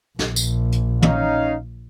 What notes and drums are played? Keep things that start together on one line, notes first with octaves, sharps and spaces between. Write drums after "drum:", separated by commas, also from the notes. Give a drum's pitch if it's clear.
A#1, drum: snare
drum: tambourine
drum: hi-hat
C#4 D#4 F5, drum: tom